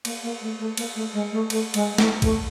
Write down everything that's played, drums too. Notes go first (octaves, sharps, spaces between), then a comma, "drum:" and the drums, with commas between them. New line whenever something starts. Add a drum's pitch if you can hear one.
A#3, drum: cymbal
A#3
A3
A3
A#3, drum: cymbal
A3
G#3
A3
A3, drum: cymbal
G#3, drum: cymbal
A3, drum: snare
A3, drum: kick, cymbal